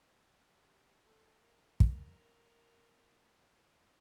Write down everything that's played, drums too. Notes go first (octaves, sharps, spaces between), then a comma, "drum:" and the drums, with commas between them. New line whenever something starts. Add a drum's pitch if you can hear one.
G4
A4
A#4
A#4, drum: kick